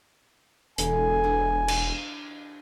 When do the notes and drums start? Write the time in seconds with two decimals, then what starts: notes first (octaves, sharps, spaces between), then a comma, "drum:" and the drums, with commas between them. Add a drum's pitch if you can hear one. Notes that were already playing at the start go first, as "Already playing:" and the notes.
0.78 E1 D3 E3 A#4 G#5, drum: hi-hat
1.24 D4 E4
1.68 drum: cymbal